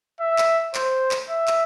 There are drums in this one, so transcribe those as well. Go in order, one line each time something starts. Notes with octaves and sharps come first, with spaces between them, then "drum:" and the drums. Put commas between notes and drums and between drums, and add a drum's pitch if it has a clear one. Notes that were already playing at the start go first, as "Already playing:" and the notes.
E5
drum: clap
C5, drum: clap
drum: clap
E5
drum: clap